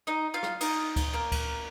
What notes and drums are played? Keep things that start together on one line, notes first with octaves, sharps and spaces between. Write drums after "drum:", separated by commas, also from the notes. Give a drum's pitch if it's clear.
D#4 D#5
F4 F5
drum: rim click
D#4 D#5, drum: cymbal
drum: kick D2, cymbal
A#3 A#4
drum: kick D2, cymbal